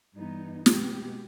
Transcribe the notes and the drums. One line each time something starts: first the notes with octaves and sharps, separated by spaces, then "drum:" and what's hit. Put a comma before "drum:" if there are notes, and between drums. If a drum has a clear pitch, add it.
G2 E3 G3 B3 D#4
B2 G#3 B3 G4, drum: snare